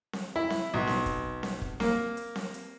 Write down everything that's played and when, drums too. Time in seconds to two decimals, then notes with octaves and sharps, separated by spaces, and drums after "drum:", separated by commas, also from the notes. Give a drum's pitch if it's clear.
0.13 drum: snare C4
0.36 E4
0.50 drum: snare C4
0.74 B1
0.87 drum: snare C4
1.06 drum: kick, hi-hat
1.43 drum: snare C4
1.61 drum: kick
1.80 A#3, drum: snare C4
2.17 drum: hi-hat
2.36 drum: snare C4
2.54 drum: hi-hat